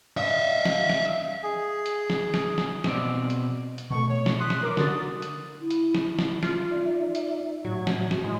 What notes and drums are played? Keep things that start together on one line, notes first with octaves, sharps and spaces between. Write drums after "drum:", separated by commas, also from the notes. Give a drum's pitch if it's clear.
D#5 E5
drum: snare
drum: snare
G#4
drum: hi-hat
drum: snare
drum: snare
drum: snare
B2 C4 D5, drum: snare
drum: hi-hat
drum: hi-hat
B2 A3 C#6
C#5
drum: snare
C6 D#6 F#6 B6
drum: snare
A#4 D6
D3 F#4 D#6 A6, drum: snare
drum: hi-hat
E4
drum: hi-hat
drum: snare
drum: snare
F4, drum: snare
D#4 D5 E5
drum: hi-hat
A2 F#3 F#4 G#6
drum: snare
drum: snare
G#3 E4 C6